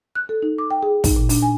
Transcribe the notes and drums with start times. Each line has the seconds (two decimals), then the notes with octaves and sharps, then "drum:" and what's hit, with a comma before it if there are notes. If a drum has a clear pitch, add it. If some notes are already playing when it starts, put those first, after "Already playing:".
0.15 F#6
0.29 A4
0.42 D#4
0.58 D6
0.71 G5
0.83 G#4
1.04 D#4, drum: kick, open hi-hat
1.16 A#2
1.29 D4, drum: open hi-hat
1.42 G#5